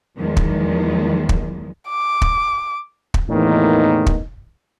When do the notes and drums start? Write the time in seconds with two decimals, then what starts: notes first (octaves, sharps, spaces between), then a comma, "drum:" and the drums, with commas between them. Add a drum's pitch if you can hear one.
0.17 E2 D#3 F3 F#3 G#3
0.37 drum: kick
1.29 drum: kick
1.89 D6
2.22 drum: kick
3.14 drum: kick
3.29 E2 A2 D#3 E3 A#3 D#4
4.06 drum: kick